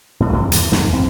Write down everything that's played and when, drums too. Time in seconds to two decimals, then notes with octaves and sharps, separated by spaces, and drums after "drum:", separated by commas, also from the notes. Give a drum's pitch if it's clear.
0.20 C2 A2
0.33 A1 G2 C3 F3
0.52 E2 E3, drum: hi-hat
0.72 F2 G#2 C3, drum: snare
0.93 A#1 F2 C4